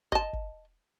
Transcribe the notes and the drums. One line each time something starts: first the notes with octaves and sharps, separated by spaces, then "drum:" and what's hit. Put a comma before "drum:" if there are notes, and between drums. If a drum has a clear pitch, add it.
D#5 A5, drum: kick
drum: kick